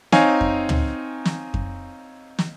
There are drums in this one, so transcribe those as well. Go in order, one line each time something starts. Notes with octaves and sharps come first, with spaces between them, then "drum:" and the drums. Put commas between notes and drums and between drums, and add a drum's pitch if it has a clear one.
C4 D#4 C#5 F5 G#5, drum: snare
drum: kick F2
drum: tom
drum: snare
drum: kick F2
drum: snare